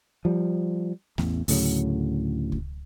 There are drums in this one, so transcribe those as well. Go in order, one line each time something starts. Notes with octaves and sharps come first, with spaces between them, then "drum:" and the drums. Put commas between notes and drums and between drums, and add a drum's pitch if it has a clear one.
F3 G3
A1 E2, drum: snare A3
D2 A2 C#3 F#3, drum: open hi-hat
drum: kick C#2